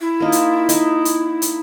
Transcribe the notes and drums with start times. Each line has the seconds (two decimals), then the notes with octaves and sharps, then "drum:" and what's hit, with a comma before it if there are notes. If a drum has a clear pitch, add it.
0.01 E4
0.20 A#3 D#4 F4
0.32 drum: hi-hat
0.69 D#4, drum: hi-hat
1.05 drum: hi-hat
1.42 drum: hi-hat